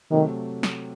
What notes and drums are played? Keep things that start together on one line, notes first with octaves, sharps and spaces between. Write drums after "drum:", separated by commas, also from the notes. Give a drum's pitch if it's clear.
C3 D#3 F#3 A3
drum: snare